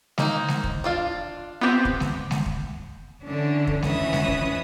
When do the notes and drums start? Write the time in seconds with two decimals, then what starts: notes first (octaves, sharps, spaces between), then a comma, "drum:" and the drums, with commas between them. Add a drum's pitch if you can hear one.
0.18 A#3 C4 D#4, drum: snare G#3
0.48 drum: snare G#3
0.64 drum: kick
0.84 D4 F4 F5
1.61 B3 C4 F4 G4
1.85 drum: kick
2.00 drum: snare G#3
2.31 drum: snare G#3
2.46 drum: kick
3.23 D3 E3 C#4 D4
3.67 drum: kick
3.82 F2 E3 C#4 B4 E5 D#6, drum: snare G#3
4.13 drum: snare G#3
4.28 drum: kick